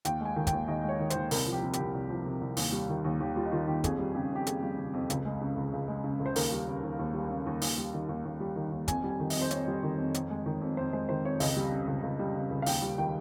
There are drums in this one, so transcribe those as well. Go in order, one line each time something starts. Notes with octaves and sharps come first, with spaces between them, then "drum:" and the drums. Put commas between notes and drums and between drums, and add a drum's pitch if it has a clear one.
D#2 G5, drum: hi-hat
G#3 G#5
D#3
G5, drum: kick, hi-hat
D#2
D#2 D#5
G#3 C#5
D#3
C5, drum: hi-hat
D#2
C2 A#4, drum: open hi-hat
F3
G4
C3
G4, drum: hi-hat
C2
C2
F3
C3
C2
D#2, drum: open hi-hat
G3
D#3
D#2
D#2 G4
G3 F4
D#4
D#3 F4
D#2 G4
F2 G#4, drum: kick, hi-hat
G3
C#3 G4
F2
G4
F2 G#4, drum: hi-hat
G3
C#3
F2
C#2, drum: hi-hat
G#3
C#3
C#2
C#2
G#3
C#3
C#2
C5
D#2 A#4, drum: open hi-hat
G3
C#3
D#2
D#2
G3
C#3
D#2
D#2, drum: open hi-hat
G3
D#3
D#2
D#2
G3
D#3
D#2
F2 G#5, drum: kick, hi-hat
G3
G#5
D#3
D#5, drum: open hi-hat
F2
C5
F2 C#5, drum: hi-hat
G3
D#3
F2
F2, drum: hi-hat
G#3
D#3
F2
F2 C5
G#3 C5
D#3 C5
F2 C#5
C#2 D#5, drum: open hi-hat
G3
C#3
C#2
C#2
G3
C#3
C#2
F5
D#2 G5, drum: open hi-hat
G3
D#3 G5